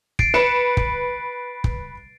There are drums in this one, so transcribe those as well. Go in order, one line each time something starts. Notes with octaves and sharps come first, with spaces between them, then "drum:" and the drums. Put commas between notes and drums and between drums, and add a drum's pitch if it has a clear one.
A6 C7 D7, drum: kick
B4 C#7 E7
drum: kick
drum: kick